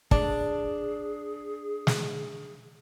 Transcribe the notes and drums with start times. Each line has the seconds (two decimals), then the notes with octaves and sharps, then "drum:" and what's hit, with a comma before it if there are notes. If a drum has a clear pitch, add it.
0.11 D4 G#4, drum: kick
1.87 drum: snare